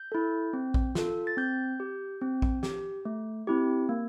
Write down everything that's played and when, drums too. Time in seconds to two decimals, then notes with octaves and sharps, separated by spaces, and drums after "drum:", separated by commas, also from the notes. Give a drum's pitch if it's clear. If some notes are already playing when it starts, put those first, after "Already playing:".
Already playing: G6
0.12 E4 A4
0.53 C4
0.74 drum: kick A#1
0.95 F4 A4, drum: snare
1.27 A6
1.37 C4 G6
1.80 G4
2.21 C4
2.42 drum: kick A#1
2.63 G4, drum: snare
3.05 A3
3.47 C4 E4 G4
3.89 A#3